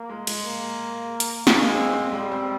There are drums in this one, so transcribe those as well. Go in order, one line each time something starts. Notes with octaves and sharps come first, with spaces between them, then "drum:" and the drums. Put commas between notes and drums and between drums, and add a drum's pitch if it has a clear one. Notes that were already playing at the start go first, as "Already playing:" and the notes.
Already playing: A#3
G#3
G#3, drum: cymbal
A#3
drum: hi-hat
drum: snare
G#3 A#3
C4
C4
G3 G#3
C4